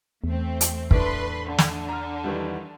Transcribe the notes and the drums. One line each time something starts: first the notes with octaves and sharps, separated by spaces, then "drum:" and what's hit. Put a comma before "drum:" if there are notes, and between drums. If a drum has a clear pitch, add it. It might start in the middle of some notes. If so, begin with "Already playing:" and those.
E2 A3 C4
drum: hi-hat
A2 A3 D4 B4 B5 C6, drum: kick
D3
drum: snare
A#5 F6
D#3 E3 G3